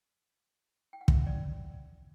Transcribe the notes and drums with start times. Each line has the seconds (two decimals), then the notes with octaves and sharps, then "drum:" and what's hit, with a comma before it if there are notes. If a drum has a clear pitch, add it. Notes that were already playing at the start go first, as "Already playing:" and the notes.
0.93 G5
1.01 F#5
1.08 E5, drum: kick
1.26 D5